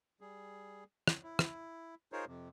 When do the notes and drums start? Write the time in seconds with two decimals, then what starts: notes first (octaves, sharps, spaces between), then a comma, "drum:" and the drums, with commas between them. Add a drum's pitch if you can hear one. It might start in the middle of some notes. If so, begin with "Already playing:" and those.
0.21 G3 G#4
1.08 drum: rim click
1.23 E4
1.39 drum: rim click
2.12 D#4 F4 G#4 A#4 C5 C#5
2.27 F2 C3